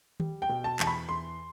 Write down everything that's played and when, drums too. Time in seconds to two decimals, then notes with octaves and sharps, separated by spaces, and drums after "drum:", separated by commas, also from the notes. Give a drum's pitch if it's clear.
0.20 G3, drum: tom D#3
0.42 G5
0.49 B2
0.64 A5
0.80 E2 A5, drum: clap
0.87 B5
1.09 E2 C6